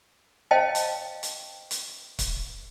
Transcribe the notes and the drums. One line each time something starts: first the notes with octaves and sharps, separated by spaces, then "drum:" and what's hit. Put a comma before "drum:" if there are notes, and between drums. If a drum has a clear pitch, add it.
C5 D#5 F5 G5 A5
drum: hi-hat
drum: hi-hat
drum: hi-hat
drum: kick, hi-hat